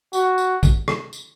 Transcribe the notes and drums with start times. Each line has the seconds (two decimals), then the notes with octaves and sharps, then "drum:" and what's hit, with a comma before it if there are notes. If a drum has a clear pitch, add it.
0.13 F#4, drum: tambourine
0.38 drum: tambourine
0.63 drum: kick, tambourine
0.88 drum: rim click
1.13 drum: tambourine